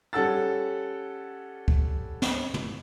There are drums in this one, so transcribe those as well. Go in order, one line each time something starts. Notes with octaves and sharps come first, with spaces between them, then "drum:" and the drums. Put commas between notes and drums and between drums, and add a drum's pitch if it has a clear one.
G3 C#4 A4 F#5 E6 A6
drum: kick D2
drum: snare
drum: tom